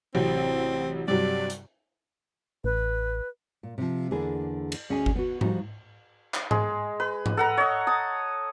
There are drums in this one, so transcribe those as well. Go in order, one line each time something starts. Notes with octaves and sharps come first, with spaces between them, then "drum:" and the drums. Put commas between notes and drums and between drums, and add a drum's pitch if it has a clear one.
A1 C3 F#3 C4
G2 C3 F#3 D5
drum: hi-hat
A1 B4
A#2
C3 F3
E2 D3 A#3 D4 G#4
drum: cymbal
D2 C#4 G#4 D#5 G#5
drum: kick G1
B3 F#4
F3 G3 D#4 F#4, drum: tom G#2
drum: clap
G#3, drum: tom G#2
B4
drum: tom G#2
A4 F#5 A#5
C#5 D#5
A5 D#6